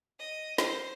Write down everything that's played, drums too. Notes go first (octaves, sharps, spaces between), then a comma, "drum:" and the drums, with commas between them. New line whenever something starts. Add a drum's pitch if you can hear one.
D#5
C5, drum: snare